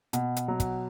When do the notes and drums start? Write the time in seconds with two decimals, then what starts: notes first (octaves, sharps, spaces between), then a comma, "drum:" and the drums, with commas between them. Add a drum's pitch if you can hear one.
0.13 B2, drum: hi-hat
0.36 drum: hi-hat
0.48 F#3
0.60 drum: kick, hi-hat